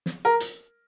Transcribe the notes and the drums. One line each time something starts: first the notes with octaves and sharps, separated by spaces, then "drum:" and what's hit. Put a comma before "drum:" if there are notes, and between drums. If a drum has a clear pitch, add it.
drum: snare
A#4
drum: hi-hat